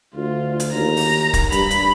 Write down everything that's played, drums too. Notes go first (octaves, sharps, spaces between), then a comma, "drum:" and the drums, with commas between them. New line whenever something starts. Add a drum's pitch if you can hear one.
D2 F4
drum: hi-hat
D#2 A#5
drum: open hi-hat
drum: kick, hi-hat
G2 B5, drum: hi-hat
drum: hi-hat